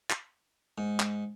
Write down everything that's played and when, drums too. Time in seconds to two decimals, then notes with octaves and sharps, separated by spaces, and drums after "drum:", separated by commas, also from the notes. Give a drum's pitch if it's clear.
0.11 drum: clap
0.78 G#2
1.00 drum: clap